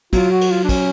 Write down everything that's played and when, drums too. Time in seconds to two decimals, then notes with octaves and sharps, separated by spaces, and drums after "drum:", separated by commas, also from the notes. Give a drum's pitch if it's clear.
0.13 F#3 F4, drum: kick, cymbal
0.32 F#4
0.41 drum: cymbal
0.51 F4
0.64 D4
0.69 C#4, drum: kick, cymbal